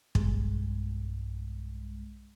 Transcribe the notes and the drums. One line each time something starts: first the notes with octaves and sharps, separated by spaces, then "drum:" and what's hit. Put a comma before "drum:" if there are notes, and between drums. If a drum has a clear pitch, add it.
B1 G2 G#3, drum: kick